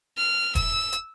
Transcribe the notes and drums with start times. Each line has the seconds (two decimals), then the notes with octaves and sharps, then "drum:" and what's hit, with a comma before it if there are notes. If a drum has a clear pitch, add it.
0.17 F6
0.55 E6, drum: kick E1, hi-hat
0.92 drum: hi-hat